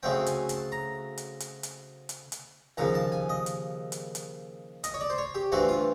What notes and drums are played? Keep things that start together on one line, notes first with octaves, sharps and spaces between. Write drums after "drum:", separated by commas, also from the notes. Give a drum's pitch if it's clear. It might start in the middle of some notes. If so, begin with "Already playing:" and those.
C#3 F#3 A3 C4 G5
G#5, drum: hi-hat
A5, drum: hi-hat
A#5
drum: hi-hat
drum: hi-hat
drum: hi-hat
drum: hi-hat
drum: hi-hat
D#2 C#3 F3 A#5
A5
G#5
D#5
drum: hi-hat
drum: hi-hat
drum: hi-hat
D#5, drum: hi-hat
C#5
D5
C5
C#5
G4
G2 E3 A3 C4 F#4
F4